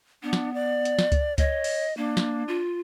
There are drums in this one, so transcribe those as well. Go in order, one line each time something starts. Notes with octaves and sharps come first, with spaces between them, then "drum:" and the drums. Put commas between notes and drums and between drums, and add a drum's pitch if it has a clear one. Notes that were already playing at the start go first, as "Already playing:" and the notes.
B3 D4
drum: snare
D5
drum: hi-hat
drum: snare
drum: kick C#2, hi-hat
C#5 D#5, drum: kick C#2, hi-hat
drum: open hi-hat
A#3 D4
drum: snare
F4